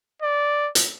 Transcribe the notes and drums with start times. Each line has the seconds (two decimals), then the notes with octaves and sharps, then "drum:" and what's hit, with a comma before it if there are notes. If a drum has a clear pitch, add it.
0.22 D5
0.75 drum: hi-hat